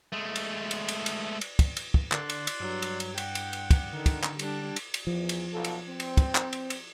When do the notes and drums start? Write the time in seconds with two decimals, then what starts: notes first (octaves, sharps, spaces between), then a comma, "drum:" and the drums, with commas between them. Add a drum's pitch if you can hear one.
0.12 G#3 A3
0.36 drum: cymbal
0.71 drum: cymbal
0.88 drum: cymbal
1.06 drum: cymbal
1.41 drum: cymbal
1.59 drum: kick, cymbal
1.77 drum: cymbal
1.94 drum: kick
2.12 D3 D5 C6 F#6, drum: clap
2.29 drum: cymbal
2.47 drum: cymbal
2.60 G2 F#3
2.82 drum: cymbal
3.00 drum: cymbal
3.18 F#5 G5, drum: cymbal
3.35 drum: cymbal
3.53 drum: cymbal
3.71 drum: kick, cymbal
3.93 D3 D#3
4.06 drum: kick, cymbal
4.23 drum: clap
4.39 G3 D4, drum: cymbal
4.76 drum: cymbal
4.94 drum: cymbal
5.07 E2 F3
5.29 drum: cymbal
5.52 B1 F4 A4
5.64 drum: cymbal
5.89 C4
6.00 drum: cymbal
6.17 drum: kick, cymbal
6.35 drum: clap
6.53 drum: cymbal
6.70 drum: cymbal